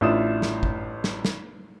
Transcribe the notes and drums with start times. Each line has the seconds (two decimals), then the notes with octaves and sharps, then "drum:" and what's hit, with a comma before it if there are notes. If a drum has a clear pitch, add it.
0.01 A1 D4 E4 F4 D#6 E7
0.42 drum: snare
0.63 drum: kick
1.04 drum: snare
1.25 drum: snare